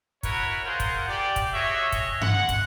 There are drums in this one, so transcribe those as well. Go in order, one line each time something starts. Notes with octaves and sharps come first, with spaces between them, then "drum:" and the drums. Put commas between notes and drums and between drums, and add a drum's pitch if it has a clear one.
E4 F#4 A#4 B4 C#5, drum: kick, hi-hat
F4 G#4 A#4 C5 F#5
drum: kick, hi-hat
G4 D5
drum: kick, hi-hat
F#4 G#4 C#5 D#5 E5
drum: kick, hi-hat
G#3 F#5, drum: tom G2
drum: kick, hi-hat